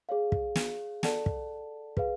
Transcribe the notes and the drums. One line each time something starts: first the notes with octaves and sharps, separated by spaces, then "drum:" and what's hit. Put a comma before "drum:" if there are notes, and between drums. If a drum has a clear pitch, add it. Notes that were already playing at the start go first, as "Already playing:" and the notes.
G#4 C#5 F5
drum: kick
drum: snare
A4 D5 F#5 A5, drum: snare
drum: kick
G#4 B4 F5, drum: kick